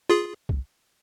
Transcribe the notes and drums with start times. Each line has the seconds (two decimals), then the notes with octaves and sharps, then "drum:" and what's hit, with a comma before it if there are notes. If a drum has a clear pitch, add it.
0.10 F4 G#4
0.49 drum: kick C2